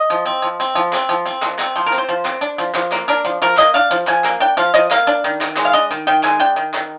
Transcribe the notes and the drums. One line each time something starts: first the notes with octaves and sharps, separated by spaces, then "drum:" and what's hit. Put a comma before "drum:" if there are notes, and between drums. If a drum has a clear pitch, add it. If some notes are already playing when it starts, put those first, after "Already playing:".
Already playing: D#5
F3
C4
F3
C4, drum: hi-hat
F3
C4, drum: clap
F3
C4, drum: hi-hat
F3, drum: clap
C4, drum: clap
F3 C5
A#4
C4, drum: hi-hat
C5
F3
C4, drum: clap
D4
F3, drum: hi-hat
F3, drum: clap
A#3, drum: clap
D4 A#4
F3, drum: hi-hat
F3 A#4
A#3 D#5, drum: clap
D4 F5
F3, drum: hi-hat
F3 G#5, drum: clap
A#3, drum: clap
D4 G5
F3 F5, drum: hi-hat
F3 D#5
A#3 F5, drum: clap
D4
D#3, drum: hi-hat
D#3, drum: clap
G#3, drum: clap
F5
D4 D#5
D#3, drum: hi-hat
D#3 G5
G#3 G#5, drum: clap
D4 G5
D#3
D#3, drum: clap